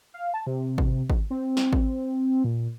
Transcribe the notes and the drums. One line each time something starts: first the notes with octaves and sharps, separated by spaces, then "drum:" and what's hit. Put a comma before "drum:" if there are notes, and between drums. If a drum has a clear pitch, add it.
F5
A5
C3
drum: kick
drum: kick
C4
drum: snare
drum: kick
A#2